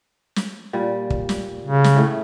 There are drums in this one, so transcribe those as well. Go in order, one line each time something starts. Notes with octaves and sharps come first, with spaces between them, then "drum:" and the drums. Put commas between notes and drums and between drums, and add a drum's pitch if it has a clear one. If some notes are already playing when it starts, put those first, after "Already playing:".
drum: snare
A#2 G3
drum: kick
drum: snare
C#3
drum: snare
A2 A3